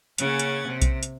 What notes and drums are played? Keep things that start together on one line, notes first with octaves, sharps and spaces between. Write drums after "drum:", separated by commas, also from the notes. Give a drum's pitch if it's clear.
C#3 A#3 C#4 F#5 G#6 A6, drum: hi-hat
drum: hi-hat
C3
drum: kick B1, hi-hat
drum: hi-hat